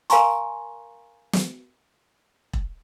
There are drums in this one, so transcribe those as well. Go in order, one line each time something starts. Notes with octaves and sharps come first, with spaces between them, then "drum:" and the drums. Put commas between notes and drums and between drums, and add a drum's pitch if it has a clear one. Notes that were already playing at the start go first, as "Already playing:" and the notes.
A#4 F5 G#5 A#5 C6 C#6, drum: hi-hat
drum: snare
drum: kick E1